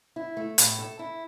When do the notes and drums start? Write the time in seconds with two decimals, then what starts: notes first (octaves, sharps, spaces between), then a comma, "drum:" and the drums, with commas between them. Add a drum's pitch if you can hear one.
0.16 E4
0.37 A3
0.58 A2, drum: hi-hat
0.79 A4
0.99 E4